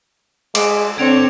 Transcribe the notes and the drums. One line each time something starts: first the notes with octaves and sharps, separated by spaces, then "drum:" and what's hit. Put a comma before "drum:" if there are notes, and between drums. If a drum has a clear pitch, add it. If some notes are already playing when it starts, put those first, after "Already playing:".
G#3 D6 D7, drum: cymbal
D3 C4 C#5 G#6 D7 F7